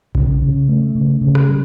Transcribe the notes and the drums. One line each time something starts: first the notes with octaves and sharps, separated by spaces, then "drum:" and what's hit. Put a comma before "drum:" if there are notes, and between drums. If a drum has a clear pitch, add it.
C#3, drum: kick A#1
C#3
A3
C#3
C#3
drum: rim click
G3